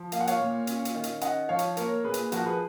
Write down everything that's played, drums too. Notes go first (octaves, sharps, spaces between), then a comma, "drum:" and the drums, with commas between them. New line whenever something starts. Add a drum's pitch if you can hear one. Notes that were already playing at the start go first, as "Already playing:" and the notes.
Already playing: F3
A#3 F5, drum: hi-hat
F#5
C#5 F5, drum: hi-hat
A#2
C#4, drum: hi-hat
drum: hi-hat
D#3
drum: hi-hat
C#4 D#5 F#5, drum: hi-hat
F3 C#5 F5
drum: hi-hat
A#3 A#4 C#5, drum: hi-hat
A#2 G#4 B4
drum: hi-hat
F3 F#4 A#4, drum: hi-hat
G#4 B4